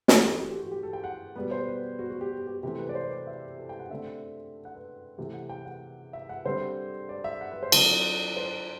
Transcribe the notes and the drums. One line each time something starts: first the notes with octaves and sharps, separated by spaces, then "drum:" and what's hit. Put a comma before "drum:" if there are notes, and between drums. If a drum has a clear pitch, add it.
E3 A3 C4 A4, drum: snare
G4
F#4
G4
F#4
G4
A4
G5
F#5
B2 G3 B3 B4
C5
B4
F#4
F#4
G4
G4
C3 E3 A3 C4 G4
B4
D5
C5
D5
E5
A4
G5
F#5
D3 A3 C4 E5
F#5
B4
C3 E3 A3 C4 G4
F#5
G5
F#5
E5
F#5
D3 G3 C4 C5
D5
E5
F#5
B4
C5
D3 F#3 C4, drum: cymbal
C5